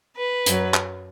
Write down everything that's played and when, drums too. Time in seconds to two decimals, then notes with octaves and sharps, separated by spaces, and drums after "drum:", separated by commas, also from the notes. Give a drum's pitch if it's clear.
0.17 B4
0.46 F#2 F#3, drum: hi-hat
0.74 drum: clap